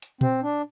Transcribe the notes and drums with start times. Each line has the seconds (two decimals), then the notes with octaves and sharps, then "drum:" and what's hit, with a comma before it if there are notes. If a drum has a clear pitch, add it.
0.02 drum: hi-hat
0.21 C4, drum: tom A#2
0.43 D4